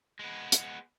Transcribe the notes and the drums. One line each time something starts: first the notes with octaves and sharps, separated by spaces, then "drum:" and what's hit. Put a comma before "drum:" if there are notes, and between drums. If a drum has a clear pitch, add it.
G#3 B3
drum: hi-hat